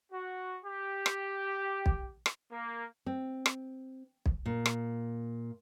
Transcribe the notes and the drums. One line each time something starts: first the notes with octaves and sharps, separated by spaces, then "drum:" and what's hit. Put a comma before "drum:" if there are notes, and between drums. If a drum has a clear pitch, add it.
F#4
G4
drum: rim click
drum: kick B1
drum: rim click
A#3
C4
drum: rim click
drum: kick B1
A#2
drum: rim click